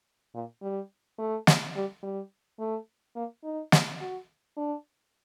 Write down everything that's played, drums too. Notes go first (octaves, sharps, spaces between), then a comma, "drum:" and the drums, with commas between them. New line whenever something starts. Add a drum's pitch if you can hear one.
A#2
G3
A3
drum: snare
G3
G3
A3
A#3
D#4
drum: snare
F#4
D4